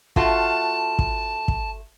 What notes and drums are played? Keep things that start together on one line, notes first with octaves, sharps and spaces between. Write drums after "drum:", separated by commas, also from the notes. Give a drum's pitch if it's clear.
A3 F4 F#4 A5, drum: kick
drum: kick
drum: kick